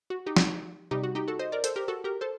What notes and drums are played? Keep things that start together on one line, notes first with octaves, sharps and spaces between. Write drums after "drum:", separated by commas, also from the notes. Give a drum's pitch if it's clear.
F#4
D#4 G4
drum: snare
C3 G3 D#4 G4
F#4
D#4 G4
F#4 A4
C5 D#5
A#4 D5
A4 C5, drum: hi-hat
G4 A#4
F#4 A4
G4 A#4
A4 C5